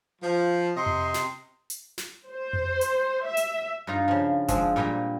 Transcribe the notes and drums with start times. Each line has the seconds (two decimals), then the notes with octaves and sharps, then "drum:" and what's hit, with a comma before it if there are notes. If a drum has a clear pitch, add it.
0.22 F3
0.77 C3 D#5 C6
0.86 drum: tom F2
1.14 drum: snare
1.70 drum: hi-hat
1.98 drum: snare
2.29 C5
2.53 drum: tom F2
2.81 drum: hi-hat
3.26 E5
3.37 drum: hi-hat
3.87 G2 D#4 F4 A#5
4.08 C#3 F3
4.48 F3 G#3 C4 D4, drum: kick F#1, hi-hat
4.76 A#2 G3 G5 G#5 A#5